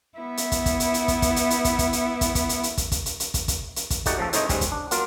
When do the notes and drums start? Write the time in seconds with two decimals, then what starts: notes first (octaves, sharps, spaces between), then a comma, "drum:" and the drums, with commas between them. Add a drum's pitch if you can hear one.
0.19 B3 E4
0.37 drum: hi-hat
0.52 drum: kick, hi-hat
0.66 drum: kick, hi-hat
0.80 drum: hi-hat
0.94 drum: hi-hat
1.08 drum: kick, hi-hat
1.22 drum: kick, hi-hat
1.36 drum: hi-hat
1.50 drum: hi-hat
1.64 drum: kick, hi-hat
1.79 drum: kick, hi-hat
1.93 drum: hi-hat
2.21 drum: kick, hi-hat
2.35 drum: kick, hi-hat
2.49 drum: hi-hat
2.63 drum: hi-hat
2.77 drum: kick, hi-hat
2.92 drum: kick, hi-hat
3.06 drum: hi-hat
3.20 drum: hi-hat
3.34 drum: kick, hi-hat
3.48 drum: kick, hi-hat
3.76 drum: hi-hat
3.90 drum: kick, hi-hat
4.06 A3 D#4 F#4 G4 D5 F#5, drum: kick, hi-hat
4.18 C#3 F3 A3 A4
4.33 A2 C#3 D#4 C5 C#5 D#5, drum: hi-hat
4.49 G#2 G3 C4 C#4, drum: kick, hi-hat
4.61 drum: kick, hi-hat
4.72 D4
4.91 F#3 A#3 F4, drum: hi-hat